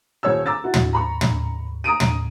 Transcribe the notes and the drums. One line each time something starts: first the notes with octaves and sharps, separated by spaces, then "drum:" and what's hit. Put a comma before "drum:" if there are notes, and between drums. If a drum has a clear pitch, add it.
D#1 C#5 E6
A#5 D6 E6 A6
E4 F#4
drum: tom
A#5 B5 C#6
drum: tom
A#5 D#6 D7 D#7
drum: tom